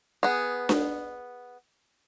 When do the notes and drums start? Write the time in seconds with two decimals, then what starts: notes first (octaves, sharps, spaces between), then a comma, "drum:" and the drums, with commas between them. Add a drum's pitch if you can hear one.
0.23 B3 G#4
0.69 drum: snare D4